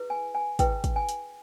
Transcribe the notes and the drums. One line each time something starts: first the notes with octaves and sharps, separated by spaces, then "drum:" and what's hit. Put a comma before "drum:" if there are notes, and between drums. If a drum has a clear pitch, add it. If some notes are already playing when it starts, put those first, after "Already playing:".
Already playing: E4 G#4 B4
G#5
G#5
E4 G#4 B4 G5, drum: kick, hi-hat
drum: kick, hi-hat
G#5
drum: hi-hat